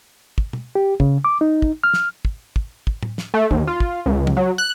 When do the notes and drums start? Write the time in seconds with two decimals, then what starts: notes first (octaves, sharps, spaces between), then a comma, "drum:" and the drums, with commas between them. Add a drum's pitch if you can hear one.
0.38 drum: kick
0.53 drum: tom
0.75 G4
1.00 C#3, drum: kick
1.25 D6
1.41 D#4
1.62 drum: kick
1.84 F6
1.94 drum: snare
2.25 drum: kick
2.56 drum: kick
2.87 drum: kick
3.03 drum: tom A2
3.18 drum: snare
3.34 A3
3.51 D#2, drum: kick
3.67 F4
3.80 drum: kick
4.06 C#2
4.27 drum: tom
4.37 F#3
4.58 F#6